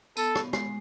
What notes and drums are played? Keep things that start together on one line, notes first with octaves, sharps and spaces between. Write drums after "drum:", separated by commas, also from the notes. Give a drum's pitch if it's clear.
B3 A4, drum: tambourine
drum: rim click
G#3, drum: rim click